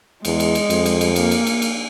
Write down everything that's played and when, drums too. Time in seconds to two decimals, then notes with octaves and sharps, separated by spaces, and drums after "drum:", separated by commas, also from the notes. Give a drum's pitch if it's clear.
0.25 E2 G#3, drum: cymbal
0.40 drum: cymbal
0.55 drum: cymbal
0.70 F2, drum: cymbal
0.86 drum: cymbal
1.01 drum: cymbal
1.16 A#3, drum: cymbal
1.31 drum: cymbal
1.47 drum: cymbal
1.62 drum: cymbal